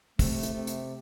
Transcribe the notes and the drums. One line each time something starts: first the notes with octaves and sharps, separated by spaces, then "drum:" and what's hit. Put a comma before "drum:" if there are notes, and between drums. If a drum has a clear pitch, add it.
C3 A3, drum: kick, open hi-hat
drum: hi-hat
C3
drum: hi-hat